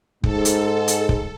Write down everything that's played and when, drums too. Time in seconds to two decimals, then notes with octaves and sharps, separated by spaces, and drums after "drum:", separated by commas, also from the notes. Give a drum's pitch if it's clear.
0.24 G#2 A4, drum: kick
0.45 drum: hi-hat
0.88 drum: hi-hat
1.09 drum: kick